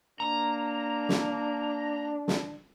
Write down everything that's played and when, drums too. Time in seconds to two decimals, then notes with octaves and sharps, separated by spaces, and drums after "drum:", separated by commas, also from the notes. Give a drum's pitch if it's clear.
0.20 A#3 D4 A#5
1.09 drum: snare
2.28 drum: snare